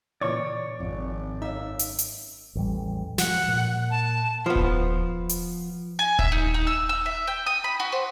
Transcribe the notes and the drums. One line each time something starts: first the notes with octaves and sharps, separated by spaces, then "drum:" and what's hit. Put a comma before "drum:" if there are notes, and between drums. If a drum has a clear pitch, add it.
A#2 C#3 E3 C#5 D5 C#6
G#1 F2
F#2 D#4 E5 F5
drum: hi-hat
drum: hi-hat
A1 E2 G3
F3 G#3 F#5, drum: snare
A#2
A5
F3 B3
drum: kick D#1
drum: hi-hat
G#5
E5, drum: kick D#1
D#4
D#4
E6
E6
E5
G5
D#6
B5
F#4
C5